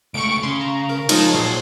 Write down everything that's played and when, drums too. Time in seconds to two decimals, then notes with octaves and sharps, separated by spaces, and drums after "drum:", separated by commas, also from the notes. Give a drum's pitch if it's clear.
0.14 C#2 A3 C#6 D7
0.43 C#3 C6
0.61 A#5
0.89 A#4
1.09 F3 G#3 D#4 F4 C#5 A5, drum: cymbal
1.34 A#2 F#3 G#4 C5 C#5